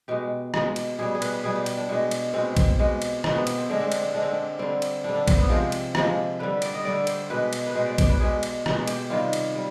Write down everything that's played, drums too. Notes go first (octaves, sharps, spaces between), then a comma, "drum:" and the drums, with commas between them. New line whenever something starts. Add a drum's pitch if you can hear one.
B2 G#3 G4
B2 G#3, drum: rim click
drum: cymbal
B2 G3 G#4
G#4
B4, drum: cymbal
B2 G3 G#4
G4
drum: cymbal
D4
B2 G#3
drum: cymbal
B2 G#3 C4
drum: kick A#1, cymbal
B2 G#3
drum: cymbal
B2 G#3 C4, drum: rim click
B3
drum: cymbal
C4
D3 G#3 D4
C4
D4, drum: cymbal
C4
D3 G#3 D4
C4
D4
D3 G3 C4
drum: cymbal
D3 G3 D4
D4
C4, drum: kick A#1, cymbal
B3
C3 F3 G#3 C4
drum: cymbal
C3 F3 G#3, drum: rim click
D3 G3 B4
D5, drum: cymbal
D#5
D3 G3 D5
C5, drum: cymbal
B2 G#3 B4
drum: cymbal
B4
B2 G#3 C5
D5
D5, drum: kick A#1, cymbal
B4
B2 G#3 G#4
drum: cymbal
B2 G#3 G4, drum: rim click
G4, drum: cymbal
C3 D#3 G3 F4
drum: cymbal
G3